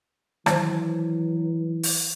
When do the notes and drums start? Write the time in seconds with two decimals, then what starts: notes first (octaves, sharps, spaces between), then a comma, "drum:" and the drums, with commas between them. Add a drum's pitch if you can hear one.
0.46 D#3 E3 F#3 C5, drum: rim click
1.83 drum: open hi-hat